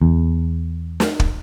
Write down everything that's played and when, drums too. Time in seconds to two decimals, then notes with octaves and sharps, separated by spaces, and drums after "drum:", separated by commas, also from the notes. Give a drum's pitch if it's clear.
0.02 E2
1.00 drum: snare
1.20 drum: kick